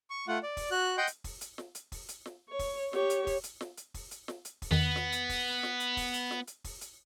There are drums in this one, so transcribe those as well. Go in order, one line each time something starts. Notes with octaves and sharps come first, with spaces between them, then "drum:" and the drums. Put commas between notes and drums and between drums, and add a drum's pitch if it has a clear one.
C#6
A3 F4 F#5
D5
drum: kick, open hi-hat
F#4 F#6
D#5 F#5 G5 C6 G6
drum: hi-hat
drum: kick, open hi-hat
drum: hi-hat
drum: snare
drum: hi-hat
drum: kick, open hi-hat
drum: hi-hat
drum: snare
C#5
drum: kick, open hi-hat
G4 C#5, drum: snare
drum: hi-hat
drum: kick, open hi-hat
drum: hi-hat
drum: snare
drum: hi-hat
drum: kick, open hi-hat
drum: hi-hat
drum: snare
drum: hi-hat
drum: kick, open hi-hat
E2 D#3 B3
drum: snare
drum: hi-hat
drum: kick, open hi-hat
drum: snare
drum: hi-hat
drum: kick, open hi-hat
drum: hi-hat
drum: snare
drum: hi-hat
drum: kick, open hi-hat
drum: hi-hat